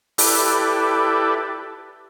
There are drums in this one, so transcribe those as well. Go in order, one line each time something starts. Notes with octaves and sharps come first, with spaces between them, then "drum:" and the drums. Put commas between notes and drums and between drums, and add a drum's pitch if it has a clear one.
E4 G4 A4 B4 D5, drum: open hi-hat